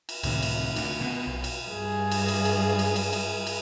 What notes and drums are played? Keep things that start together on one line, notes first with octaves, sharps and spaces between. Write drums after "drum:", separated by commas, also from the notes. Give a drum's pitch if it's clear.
drum: cymbal
C#2 A2 C3 D#3, drum: cymbal
drum: cymbal
D2, drum: cymbal
B2
B1
drum: cymbal
G2 G#4
drum: cymbal
drum: cymbal
drum: cymbal
drum: cymbal
drum: cymbal
drum: cymbal
drum: cymbal